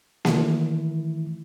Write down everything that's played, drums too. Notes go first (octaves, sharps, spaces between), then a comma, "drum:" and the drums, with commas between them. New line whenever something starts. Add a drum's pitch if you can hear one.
D#3 E3 A3 E4, drum: snare A#3